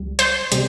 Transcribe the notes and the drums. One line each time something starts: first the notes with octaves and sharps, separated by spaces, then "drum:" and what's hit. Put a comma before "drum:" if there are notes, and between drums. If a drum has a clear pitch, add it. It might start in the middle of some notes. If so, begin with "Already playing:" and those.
Already playing: C#2 G3
C5, drum: hi-hat
C3 G3, drum: hi-hat